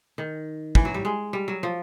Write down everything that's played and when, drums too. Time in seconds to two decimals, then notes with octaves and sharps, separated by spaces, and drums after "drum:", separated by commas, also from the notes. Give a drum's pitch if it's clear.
0.18 D#3
0.75 E3, drum: kick
0.85 F#3
0.94 G3
1.05 G#3
1.33 G3
1.48 F#3
1.63 F3